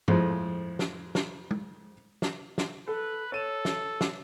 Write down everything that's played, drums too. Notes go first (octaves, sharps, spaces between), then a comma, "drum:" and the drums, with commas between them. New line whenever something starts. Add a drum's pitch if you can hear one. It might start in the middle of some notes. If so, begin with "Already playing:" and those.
F2 A2 F3 G#3, drum: tom
drum: snare
drum: snare
drum: tom
drum: snare
drum: snare
A4 B4
A4 C#5 D#7 E7
drum: snare
drum: snare